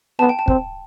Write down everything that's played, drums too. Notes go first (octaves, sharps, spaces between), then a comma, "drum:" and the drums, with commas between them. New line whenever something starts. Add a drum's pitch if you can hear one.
B3 A5
G5
A5
C4, drum: kick